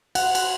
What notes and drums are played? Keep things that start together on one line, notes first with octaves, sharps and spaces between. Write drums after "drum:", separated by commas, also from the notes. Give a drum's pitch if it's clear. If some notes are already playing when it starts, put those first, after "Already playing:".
F#5, drum: cymbal
drum: cymbal